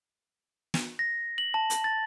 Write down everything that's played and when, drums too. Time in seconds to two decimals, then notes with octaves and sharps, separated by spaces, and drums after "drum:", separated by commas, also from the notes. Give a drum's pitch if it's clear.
0.74 drum: snare
0.99 A#6
1.38 F#7
1.54 A5
1.70 drum: hi-hat
1.84 A6